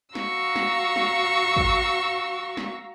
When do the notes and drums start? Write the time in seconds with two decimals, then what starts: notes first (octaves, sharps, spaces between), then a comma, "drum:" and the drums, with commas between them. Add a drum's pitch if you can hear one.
0.15 F#4 F5 A#5 C#6 E6, drum: snare
0.56 drum: snare
0.96 drum: snare
1.56 drum: kick
2.57 drum: snare